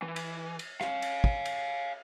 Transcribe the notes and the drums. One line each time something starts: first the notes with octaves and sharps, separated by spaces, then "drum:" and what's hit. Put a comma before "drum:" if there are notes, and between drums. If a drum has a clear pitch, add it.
E3
drum: cymbal
drum: cymbal
C#5 F5, drum: rim click
drum: cymbal
drum: kick
drum: cymbal